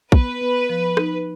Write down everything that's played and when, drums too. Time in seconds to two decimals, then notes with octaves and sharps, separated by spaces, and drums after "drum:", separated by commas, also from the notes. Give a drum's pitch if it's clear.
0.12 B3 B4, drum: kick
0.41 B3
0.69 F3
0.97 D#4, drum: rim click